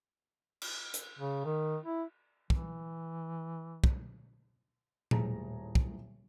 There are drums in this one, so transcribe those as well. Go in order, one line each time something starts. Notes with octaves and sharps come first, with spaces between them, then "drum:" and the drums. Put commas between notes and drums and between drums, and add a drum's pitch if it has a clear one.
drum: cymbal
drum: hi-hat
C#3
D#3
E4
E3, drum: kick
drum: kick
D#1 A2 G#4 A5 A#5, drum: tom A#2
drum: kick